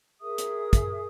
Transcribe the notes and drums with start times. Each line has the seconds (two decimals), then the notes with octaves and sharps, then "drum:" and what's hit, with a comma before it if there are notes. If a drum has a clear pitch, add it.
0.21 G#4 A#4 E5 D#6
0.38 drum: hi-hat
0.73 drum: kick, hi-hat